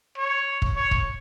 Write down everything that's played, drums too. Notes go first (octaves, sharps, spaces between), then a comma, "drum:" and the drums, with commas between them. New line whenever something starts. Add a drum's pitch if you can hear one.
C#5
drum: kick
C#5
drum: kick